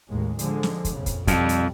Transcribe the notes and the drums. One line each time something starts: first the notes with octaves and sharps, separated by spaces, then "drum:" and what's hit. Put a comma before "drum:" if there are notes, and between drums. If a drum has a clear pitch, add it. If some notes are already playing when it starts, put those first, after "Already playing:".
A1 D#2 G#3
D3 F3 G#3, drum: hi-hat
drum: snare
drum: kick, hi-hat
A#1 F2 C#3
drum: kick, hi-hat
B1 F2 G3, drum: kick, hi-hat
drum: hi-hat